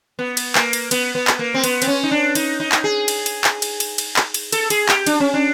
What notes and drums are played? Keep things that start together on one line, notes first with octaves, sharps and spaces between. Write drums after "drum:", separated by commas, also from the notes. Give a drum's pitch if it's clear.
B3
drum: cymbal
A#3, drum: clap
drum: cymbal
B3, drum: cymbal
B3
drum: clap
A#3
C4
B3, drum: cymbal
C4, drum: cymbal
C#4
D#4
D4
D#4, drum: cymbal
D#4
drum: clap
G#4
drum: cymbal
drum: cymbal
drum: clap
drum: cymbal
drum: cymbal
drum: cymbal
drum: clap
drum: cymbal
A4, drum: cymbal
G#4, drum: cymbal
G4, drum: clap
D4, drum: cymbal
C#4
D4